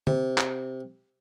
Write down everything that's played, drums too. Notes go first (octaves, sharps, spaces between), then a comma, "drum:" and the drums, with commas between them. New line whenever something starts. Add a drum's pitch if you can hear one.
C3, drum: tom
drum: clap